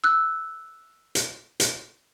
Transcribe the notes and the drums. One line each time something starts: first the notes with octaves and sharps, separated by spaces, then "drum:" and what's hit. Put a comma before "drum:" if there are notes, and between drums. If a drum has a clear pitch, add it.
E6 F#6
drum: hi-hat
drum: hi-hat